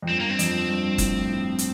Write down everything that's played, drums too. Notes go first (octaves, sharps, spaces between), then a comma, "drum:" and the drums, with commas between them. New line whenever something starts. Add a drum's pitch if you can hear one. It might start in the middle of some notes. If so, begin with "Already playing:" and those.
F2
G2 C4
A#3
C4
F2, drum: hi-hat
G2
A2, drum: kick, hi-hat
A2
drum: hi-hat